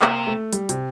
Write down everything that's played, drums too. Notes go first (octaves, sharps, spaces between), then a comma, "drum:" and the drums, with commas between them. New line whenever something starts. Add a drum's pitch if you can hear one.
C3 A#3, drum: clap
A3
G3, drum: hi-hat
C3, drum: hi-hat